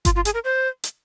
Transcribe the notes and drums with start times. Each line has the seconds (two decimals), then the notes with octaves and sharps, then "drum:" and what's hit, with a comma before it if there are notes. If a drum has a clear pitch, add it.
0.05 F4, drum: kick G1, hi-hat
0.16 F4
0.25 G#4, drum: hi-hat
0.34 A#4
0.44 C5
0.84 drum: hi-hat